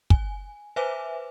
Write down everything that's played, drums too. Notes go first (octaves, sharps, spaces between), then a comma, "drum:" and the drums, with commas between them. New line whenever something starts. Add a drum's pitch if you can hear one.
G#5, drum: kick
B4 C5 E5 G#5 D6